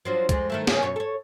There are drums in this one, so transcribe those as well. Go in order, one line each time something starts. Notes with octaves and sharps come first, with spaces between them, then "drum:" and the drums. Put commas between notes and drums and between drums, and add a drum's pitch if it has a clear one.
F3 F#3 D4
F2 G#3, drum: kick, hi-hat
D#3 A3 E4
C#3 C#4 G#4, drum: snare
F#2 B2 C#5
A4 C#5